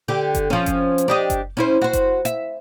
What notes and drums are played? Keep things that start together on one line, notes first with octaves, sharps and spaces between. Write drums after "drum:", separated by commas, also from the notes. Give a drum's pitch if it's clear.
D3 G4
drum: kick F#1, hi-hat
F3 C#4
drum: kick F#1, hi-hat
drum: hi-hat
D4 G4 D#5
drum: kick F#1, hi-hat
C#4 E4 C5
F#4 C5
drum: kick F#1, hi-hat
E5, drum: hi-hat